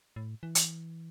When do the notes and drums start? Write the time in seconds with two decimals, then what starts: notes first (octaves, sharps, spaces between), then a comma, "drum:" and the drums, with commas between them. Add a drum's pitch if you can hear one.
0.16 A2
0.43 E3
0.55 drum: hi-hat